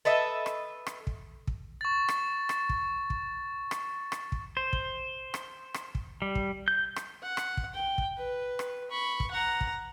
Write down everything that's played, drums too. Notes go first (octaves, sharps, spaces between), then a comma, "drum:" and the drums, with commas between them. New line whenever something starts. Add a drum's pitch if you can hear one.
A4 B4 D#5 E5
drum: rim click
drum: rim click
drum: kick
drum: kick
C#6 A6
drum: rim click
drum: rim click
drum: kick
drum: kick
drum: rim click
drum: rim click
drum: kick
C5
drum: kick
drum: rim click
drum: rim click
drum: kick
G3
drum: kick
G6
drum: rim click
F#5
drum: rim click
drum: kick
G5
drum: kick
B4
drum: rim click
B5 C#6
drum: kick
F#5 A#5
drum: kick